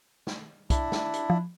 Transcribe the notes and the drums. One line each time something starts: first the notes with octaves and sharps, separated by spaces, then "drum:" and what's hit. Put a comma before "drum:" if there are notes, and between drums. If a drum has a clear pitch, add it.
drum: snare
D4 E4, drum: kick, hi-hat
drum: snare
drum: hi-hat
F3